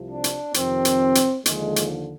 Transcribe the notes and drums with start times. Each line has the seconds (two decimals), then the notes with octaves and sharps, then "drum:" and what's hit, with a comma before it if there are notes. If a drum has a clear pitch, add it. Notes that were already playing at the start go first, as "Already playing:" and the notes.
Already playing: C2 C3 F3
0.09 D4
0.24 drum: hi-hat
0.54 F2 C3 D#3 C4, drum: hi-hat
0.85 drum: hi-hat
1.15 drum: hi-hat
1.46 D#2 D3 F3 G#3, drum: hi-hat
1.76 drum: hi-hat